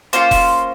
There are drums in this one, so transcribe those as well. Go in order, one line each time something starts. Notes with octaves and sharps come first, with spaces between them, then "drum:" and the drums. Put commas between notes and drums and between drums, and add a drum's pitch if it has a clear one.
A#3 C#4 F4 C5, drum: hi-hat
drum: kick E1, open hi-hat